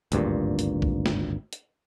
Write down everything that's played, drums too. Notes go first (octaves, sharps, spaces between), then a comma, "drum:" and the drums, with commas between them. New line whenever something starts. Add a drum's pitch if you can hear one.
G#1 D2 G2 A#2, drum: hi-hat
drum: hi-hat
drum: kick A#1
drum: snare
drum: hi-hat